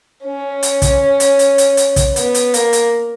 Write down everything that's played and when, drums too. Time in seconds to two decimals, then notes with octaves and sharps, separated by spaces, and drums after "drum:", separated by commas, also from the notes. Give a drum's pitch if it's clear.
0.24 C#4
0.63 drum: hi-hat
0.82 drum: kick, hi-hat
1.20 drum: hi-hat
1.39 drum: hi-hat
1.58 drum: hi-hat
1.77 drum: hi-hat
1.96 drum: kick, hi-hat
2.16 B3, drum: hi-hat
2.34 drum: hi-hat
2.54 A#3, drum: hi-hat
2.73 drum: hi-hat